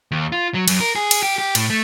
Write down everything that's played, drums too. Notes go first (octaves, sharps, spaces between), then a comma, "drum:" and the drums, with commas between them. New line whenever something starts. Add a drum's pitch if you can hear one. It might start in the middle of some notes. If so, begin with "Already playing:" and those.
D#2
F4
F#3
F#2, drum: cymbal
A#4
G#4
drum: cymbal
G4
G4
A2, drum: cymbal
A3